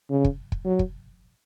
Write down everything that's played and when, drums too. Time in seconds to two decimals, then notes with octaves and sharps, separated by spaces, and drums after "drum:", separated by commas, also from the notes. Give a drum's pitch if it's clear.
0.10 C#3
0.25 drum: kick
0.52 drum: kick
0.65 F#3
0.79 drum: kick